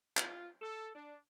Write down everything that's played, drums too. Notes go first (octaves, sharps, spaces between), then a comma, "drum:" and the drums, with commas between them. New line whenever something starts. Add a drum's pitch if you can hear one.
F4, drum: clap
A4
D4